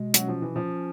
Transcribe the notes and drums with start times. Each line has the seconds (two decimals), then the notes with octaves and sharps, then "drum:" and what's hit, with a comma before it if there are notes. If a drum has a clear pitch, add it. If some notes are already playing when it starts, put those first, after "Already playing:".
Already playing: B2 G#3
0.14 F#3 C#4, drum: hi-hat
0.28 F3
0.42 E3
0.49 C#4
0.56 F3